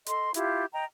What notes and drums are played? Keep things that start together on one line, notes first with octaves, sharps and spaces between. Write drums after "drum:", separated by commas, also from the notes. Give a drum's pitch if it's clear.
A4 D#5 C6, drum: hi-hat
E4 F4 G4, drum: hi-hat
D#5 G5 A#5